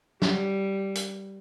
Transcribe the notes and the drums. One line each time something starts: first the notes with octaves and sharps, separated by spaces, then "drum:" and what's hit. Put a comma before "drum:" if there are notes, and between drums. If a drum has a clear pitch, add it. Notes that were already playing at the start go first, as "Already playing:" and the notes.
G3, drum: snare
drum: hi-hat